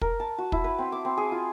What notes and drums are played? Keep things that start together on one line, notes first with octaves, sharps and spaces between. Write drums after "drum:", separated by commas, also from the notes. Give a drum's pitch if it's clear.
A#4, drum: kick
A5
F#4
E4, drum: kick
B4
C4
D6
C4
G#4
F4